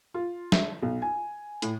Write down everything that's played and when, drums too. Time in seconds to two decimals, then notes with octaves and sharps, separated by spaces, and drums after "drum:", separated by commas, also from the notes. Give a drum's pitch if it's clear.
0.14 F4
0.52 E5, drum: snare
0.83 B1
1.02 G#5
1.62 A2, drum: hi-hat